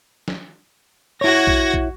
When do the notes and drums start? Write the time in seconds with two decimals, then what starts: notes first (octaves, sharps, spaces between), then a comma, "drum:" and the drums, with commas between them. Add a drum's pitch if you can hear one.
0.28 drum: snare
1.21 E4 F#4 C#5 G#6 A#6
1.47 drum: kick A#1
1.74 drum: kick A#1